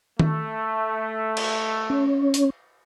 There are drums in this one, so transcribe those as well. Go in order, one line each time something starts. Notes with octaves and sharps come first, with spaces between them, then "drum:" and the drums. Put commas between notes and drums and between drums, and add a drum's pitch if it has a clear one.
A3, drum: tom D#3
drum: cymbal
C#4
drum: hi-hat